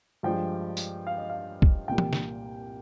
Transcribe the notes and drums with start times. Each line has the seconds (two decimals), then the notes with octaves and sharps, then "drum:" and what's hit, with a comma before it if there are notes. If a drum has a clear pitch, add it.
0.23 G2 F3 G#3 G5
0.77 drum: tambourine
1.07 F5
1.18 D#5
1.30 F5
1.62 drum: kick
1.88 C2 A#2 G3 G5
1.98 drum: tom E3
2.13 drum: snare